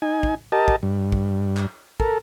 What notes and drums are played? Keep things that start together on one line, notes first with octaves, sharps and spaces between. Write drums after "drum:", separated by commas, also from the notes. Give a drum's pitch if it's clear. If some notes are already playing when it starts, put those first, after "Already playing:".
D#4 G#5
drum: kick
G4 A#4 D#5 A5
drum: kick
G2
drum: kick
drum: clap
A4 A#4, drum: kick